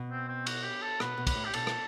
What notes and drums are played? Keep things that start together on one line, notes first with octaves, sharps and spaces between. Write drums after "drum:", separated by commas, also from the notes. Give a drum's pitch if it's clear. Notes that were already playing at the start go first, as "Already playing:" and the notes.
Already playing: B2
C4
C4
F#4, drum: cymbal
G4
A4
B2 B4, drum: rim click
B2
B4, drum: kick, cymbal
A2
G4
B2 A4, drum: cymbal
drum: rim click